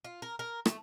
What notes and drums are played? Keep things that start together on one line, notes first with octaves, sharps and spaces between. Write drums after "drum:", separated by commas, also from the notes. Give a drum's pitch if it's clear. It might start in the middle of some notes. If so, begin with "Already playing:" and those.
F4
A#4
A#4
A3, drum: rim click